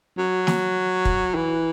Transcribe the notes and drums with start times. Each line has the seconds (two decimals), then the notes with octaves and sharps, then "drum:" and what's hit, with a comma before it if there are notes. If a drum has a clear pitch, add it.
0.18 F#3
0.47 drum: snare
1.05 drum: kick
1.35 E3